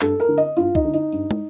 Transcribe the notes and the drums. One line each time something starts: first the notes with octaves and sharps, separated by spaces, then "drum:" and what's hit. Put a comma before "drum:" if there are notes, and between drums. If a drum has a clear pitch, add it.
G2 A4, drum: clap
A#4, drum: tambourine
D3
D#5, drum: tambourine
G2 F4, drum: tambourine
D#4, drum: kick
D3
D#4, drum: tambourine
G2, drum: tambourine
drum: tom